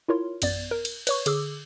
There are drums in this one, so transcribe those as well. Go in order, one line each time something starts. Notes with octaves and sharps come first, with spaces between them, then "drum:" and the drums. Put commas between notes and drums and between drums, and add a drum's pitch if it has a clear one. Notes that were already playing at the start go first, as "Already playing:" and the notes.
E4 F4 A#4 C#5 C6
A1 F#2 B3 D5 A6, drum: cymbal
A#4
drum: cymbal
B4 C#5 C#6, drum: cymbal
D3 G#4 D6 E6, drum: cymbal